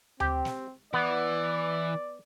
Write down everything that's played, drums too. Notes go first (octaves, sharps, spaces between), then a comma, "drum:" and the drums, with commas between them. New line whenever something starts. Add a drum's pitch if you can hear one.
C4 G4, drum: tom D2
drum: snare
E3 B3 D5